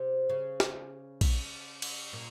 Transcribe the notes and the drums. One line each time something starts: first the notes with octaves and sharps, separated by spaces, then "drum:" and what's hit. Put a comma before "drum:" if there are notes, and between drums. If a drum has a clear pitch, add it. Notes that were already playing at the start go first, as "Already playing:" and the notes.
Already playing: C3
C#3
drum: snare
drum: kick A#1, cymbal
drum: cymbal
A#2